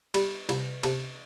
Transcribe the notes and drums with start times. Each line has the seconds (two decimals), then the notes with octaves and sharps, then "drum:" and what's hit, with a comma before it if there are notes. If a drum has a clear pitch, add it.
0.14 G3, drum: cymbal
0.49 C2, drum: cymbal
0.83 C3 A4, drum: cymbal